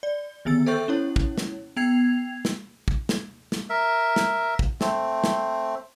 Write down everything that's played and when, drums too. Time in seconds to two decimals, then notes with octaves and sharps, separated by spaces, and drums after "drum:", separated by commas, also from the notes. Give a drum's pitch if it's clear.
0.03 D5
0.45 D3 D#3 B3 E6 A6
0.66 A4 C5 E5 G5 C#6 G6
0.88 C#4 E4 C#5
1.16 drum: kick
1.38 drum: snare
1.77 B3 G5 G#6 C7 F7
2.45 drum: snare
2.88 drum: kick
3.09 drum: snare
3.52 drum: snare
3.70 A#4 E5
4.16 drum: snare
4.59 drum: kick
4.81 A3 C4, drum: snare
5.24 drum: snare